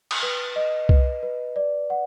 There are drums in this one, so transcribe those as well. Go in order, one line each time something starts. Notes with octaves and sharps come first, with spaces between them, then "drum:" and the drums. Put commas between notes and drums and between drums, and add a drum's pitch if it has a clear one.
drum: cymbal
B4
D#5
B4, drum: kick C2
B4
D5
F#5